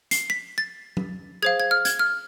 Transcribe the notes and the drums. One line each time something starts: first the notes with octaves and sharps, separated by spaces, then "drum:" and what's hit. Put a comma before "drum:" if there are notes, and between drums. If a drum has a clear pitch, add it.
C7, drum: hi-hat
B6
A6
drum: tom F#3
G#4 C5 F5 G#6
G#6
F6
G#6, drum: hi-hat
F6